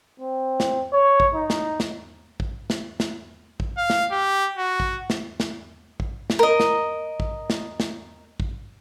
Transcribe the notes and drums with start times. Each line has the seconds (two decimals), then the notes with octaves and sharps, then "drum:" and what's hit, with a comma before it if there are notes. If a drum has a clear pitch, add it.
0.20 C4
0.60 drum: snare
0.93 C#5
1.20 drum: kick
1.35 D#4
1.50 drum: snare
1.80 drum: snare
2.40 drum: kick
2.70 drum: snare
3.00 drum: snare
3.60 drum: kick
3.78 F5
3.90 drum: snare
4.11 G4
4.57 F#4
4.80 drum: kick
5.10 drum: snare
5.40 drum: snare
6.00 drum: kick
6.30 drum: snare
6.39 A#4 D#5
6.60 drum: snare
7.20 drum: kick
7.50 drum: snare
7.80 drum: snare
8.40 drum: kick